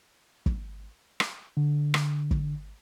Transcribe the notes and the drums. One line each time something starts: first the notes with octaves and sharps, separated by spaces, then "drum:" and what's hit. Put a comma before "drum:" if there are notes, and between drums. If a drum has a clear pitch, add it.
drum: kick
drum: rim click
D3
drum: rim click
drum: kick